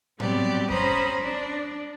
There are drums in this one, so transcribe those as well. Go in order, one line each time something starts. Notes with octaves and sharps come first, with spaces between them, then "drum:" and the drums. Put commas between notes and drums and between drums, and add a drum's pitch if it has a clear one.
F#3 G3 B3 C4 G4 D5, drum: tom A2
C#4 C5 A#5 B5 D#6 A#6, drum: kick F#2
D4